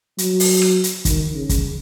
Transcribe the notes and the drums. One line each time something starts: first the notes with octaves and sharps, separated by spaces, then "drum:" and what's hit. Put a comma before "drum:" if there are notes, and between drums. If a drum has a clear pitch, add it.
F#3, drum: hi-hat
drum: open hi-hat
drum: rim click
drum: hi-hat
D#3, drum: kick, hi-hat
C#3
drum: kick, hi-hat